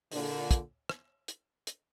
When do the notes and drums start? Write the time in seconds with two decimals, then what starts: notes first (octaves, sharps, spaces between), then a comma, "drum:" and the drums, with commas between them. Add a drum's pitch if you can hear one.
0.11 A#2 D3, drum: open hi-hat
0.51 drum: kick, hi-hat
0.89 drum: rim click
1.28 drum: hi-hat
1.67 drum: hi-hat